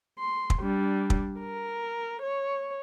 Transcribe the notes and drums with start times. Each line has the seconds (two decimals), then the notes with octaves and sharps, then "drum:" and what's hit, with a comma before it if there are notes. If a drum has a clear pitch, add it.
0.19 C6
0.50 drum: kick
0.61 G3 D4
1.10 drum: kick
1.40 A#4
2.22 C#5